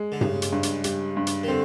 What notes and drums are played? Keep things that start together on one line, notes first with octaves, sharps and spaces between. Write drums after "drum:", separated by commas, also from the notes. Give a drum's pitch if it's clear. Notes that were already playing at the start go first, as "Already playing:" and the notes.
Already playing: G#3
D3
C#3 G3, drum: tom G2
drum: hi-hat
G2
drum: hi-hat
G3, drum: hi-hat
G2
drum: hi-hat
D#3
D3 C4